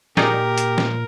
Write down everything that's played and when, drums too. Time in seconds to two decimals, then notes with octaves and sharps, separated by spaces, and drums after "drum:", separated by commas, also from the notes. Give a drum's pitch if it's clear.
0.17 A#2 D#4 G4 G#4 A#4 D5, drum: snare
0.58 drum: hi-hat
0.78 drum: snare